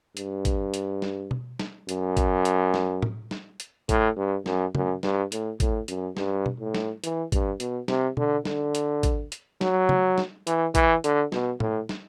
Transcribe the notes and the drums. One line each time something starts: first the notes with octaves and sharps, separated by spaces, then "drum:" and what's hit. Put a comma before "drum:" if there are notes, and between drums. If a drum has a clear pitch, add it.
G2, drum: hi-hat
drum: kick, hi-hat
drum: hi-hat
drum: snare
drum: tom B2
drum: snare
F#2, drum: hi-hat
drum: kick, hi-hat
drum: hi-hat
drum: snare
drum: tom A2
drum: snare
drum: hi-hat
A2, drum: kick, hi-hat
G2
F#2, drum: snare
F#2, drum: tom
G2, drum: snare
A2, drum: hi-hat
A2, drum: kick, hi-hat
F#2, drum: hi-hat
G2, drum: snare
drum: tom B2
A2
drum: snare
E3, drum: hi-hat
G2, drum: kick, hi-hat
B2, drum: hi-hat
C3, drum: snare
D3, drum: tom B2
D3, drum: snare
drum: hi-hat
drum: kick, hi-hat
drum: hi-hat
F#3, drum: snare
drum: tom
drum: snare
E3, drum: hi-hat
E3, drum: kick, hi-hat
D3, drum: hi-hat
B2, drum: snare
A2, drum: tom A2
drum: snare